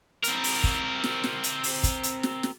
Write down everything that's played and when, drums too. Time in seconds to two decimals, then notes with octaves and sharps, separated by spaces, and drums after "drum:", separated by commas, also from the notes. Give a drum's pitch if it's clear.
0.24 C4 A#4, drum: hi-hat
0.44 drum: open hi-hat
0.64 drum: kick
1.04 drum: snare
1.24 drum: snare
1.43 drum: hi-hat
1.63 drum: open hi-hat
1.83 drum: kick, hi-hat
2.03 drum: hi-hat
2.23 drum: snare
2.43 drum: snare